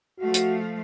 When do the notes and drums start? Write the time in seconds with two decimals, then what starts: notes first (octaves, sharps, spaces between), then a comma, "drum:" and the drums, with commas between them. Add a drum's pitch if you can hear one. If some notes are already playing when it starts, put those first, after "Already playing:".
0.20 F3 A3 F#4 F5
0.34 drum: hi-hat